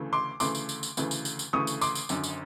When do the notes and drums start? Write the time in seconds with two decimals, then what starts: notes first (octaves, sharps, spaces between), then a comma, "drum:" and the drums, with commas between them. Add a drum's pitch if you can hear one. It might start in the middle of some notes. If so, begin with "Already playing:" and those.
Already playing: D2 C#3 E3 A3
0.13 C6 D6
0.40 D2 C#3 E3 A3 C6 D6, drum: tambourine
0.55 drum: tambourine
0.69 drum: tambourine
0.83 drum: tambourine
0.97 D2 C#3 E3 A3, drum: tambourine
1.11 drum: tambourine
1.25 drum: tambourine
1.39 drum: tambourine
1.53 D2 C#3 E3 A3 C#6 D#6
1.67 drum: tambourine
1.81 C6 D6, drum: tambourine
1.95 drum: tambourine
2.09 G#1 F#2 D3, drum: tambourine
2.24 drum: tambourine